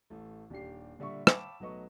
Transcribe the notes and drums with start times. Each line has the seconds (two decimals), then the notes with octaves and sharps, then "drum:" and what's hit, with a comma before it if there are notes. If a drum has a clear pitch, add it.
0.10 A1 A3
0.50 D#1 D4 G4 C7
0.99 A#2 D3 G3 E5 C#6
1.27 F5 G5 A5 B5 C#6 D6, drum: rim click
1.60 B1 F#3 A3 B4 D#5 C#6